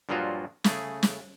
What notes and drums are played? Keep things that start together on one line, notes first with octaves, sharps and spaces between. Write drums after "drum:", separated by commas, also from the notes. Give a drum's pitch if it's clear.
G2 A#2 F3 F#3 F4 F#4
C#3 A3 G#4, drum: snare
drum: snare